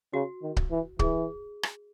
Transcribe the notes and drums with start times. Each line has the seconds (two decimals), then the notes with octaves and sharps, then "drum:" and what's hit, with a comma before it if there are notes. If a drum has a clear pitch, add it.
0.13 C#3 F#4
0.42 D#3
0.57 drum: kick C#1
0.71 E3
0.99 E3 G#4, drum: kick C#1
1.63 drum: rim click